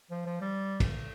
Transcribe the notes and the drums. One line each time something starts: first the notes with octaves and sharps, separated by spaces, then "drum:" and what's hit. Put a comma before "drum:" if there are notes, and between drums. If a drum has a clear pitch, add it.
F3
F3
G3
drum: kick, cymbal